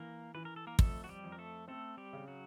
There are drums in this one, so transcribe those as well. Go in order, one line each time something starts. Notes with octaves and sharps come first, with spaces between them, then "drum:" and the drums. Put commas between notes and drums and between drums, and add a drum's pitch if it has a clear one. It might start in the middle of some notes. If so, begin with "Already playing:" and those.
Already playing: E3 A#3 A#4
E3 B4
A#4
A4
A#3 A#4
F2 A3 A4, drum: kick
F#4
G3 G4
F2
A#4
A3 A4
A3 C4 A4
G3 G4
C#3
F#3 F#4